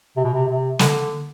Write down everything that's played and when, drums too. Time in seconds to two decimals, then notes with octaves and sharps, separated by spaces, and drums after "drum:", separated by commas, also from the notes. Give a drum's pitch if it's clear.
0.17 C3
0.24 B2
0.33 C3
0.48 C3
0.79 D3, drum: snare